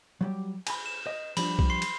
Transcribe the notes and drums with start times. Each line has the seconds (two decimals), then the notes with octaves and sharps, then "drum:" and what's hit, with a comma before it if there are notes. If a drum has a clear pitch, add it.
0.21 F#3 G3 G4
0.67 G#5 A#5 B5, drum: cymbal
0.86 E7
1.07 D#5
1.37 F3 G3 D4 B5, drum: cymbal
1.59 drum: kick B1
1.70 C6 C7
1.82 drum: cymbal